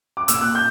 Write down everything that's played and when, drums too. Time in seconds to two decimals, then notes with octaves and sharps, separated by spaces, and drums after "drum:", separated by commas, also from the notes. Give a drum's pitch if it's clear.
0.17 D6
0.28 A#2 E6, drum: hi-hat
0.41 F#6
0.55 G6